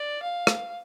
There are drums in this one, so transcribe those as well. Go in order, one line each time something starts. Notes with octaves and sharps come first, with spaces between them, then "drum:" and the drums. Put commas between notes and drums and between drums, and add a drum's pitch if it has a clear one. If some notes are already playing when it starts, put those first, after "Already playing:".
Already playing: D5
F5
drum: rim click